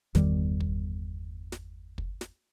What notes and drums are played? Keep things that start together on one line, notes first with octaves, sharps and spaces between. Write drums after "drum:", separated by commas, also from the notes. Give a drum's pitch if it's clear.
G1 E2 D#3 G3, drum: snare
drum: kick
drum: snare
drum: kick
drum: snare